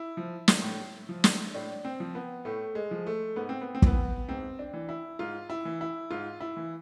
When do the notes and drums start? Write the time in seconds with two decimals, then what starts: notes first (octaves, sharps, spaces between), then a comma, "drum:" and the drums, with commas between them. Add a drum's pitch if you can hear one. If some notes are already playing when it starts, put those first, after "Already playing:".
Already playing: E4
0.17 F3
0.48 drum: snare
0.62 A2
1.09 F3
1.24 drum: snare
1.54 A2 D4
1.85 C4
2.00 F3
2.15 B3
2.45 A2 A3
2.75 G#3
2.91 F3
3.07 A3
3.36 G#2 B3
3.49 C4
3.61 B3
3.75 C4
3.82 E3 B3, drum: kick
4.28 G#2 C4
4.59 D4
4.74 E3
4.89 E4
5.19 G#2 F4
5.50 E4
5.65 E3
5.81 E4
6.11 G#2 F4
6.40 E4
6.57 E3